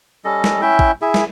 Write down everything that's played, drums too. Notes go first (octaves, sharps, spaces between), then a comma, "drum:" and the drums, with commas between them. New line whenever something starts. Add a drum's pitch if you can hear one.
G3 C#4 A4 D#5
drum: snare
C#4 E4 E5 G5
drum: kick G#1
E4 G#4 E5
drum: snare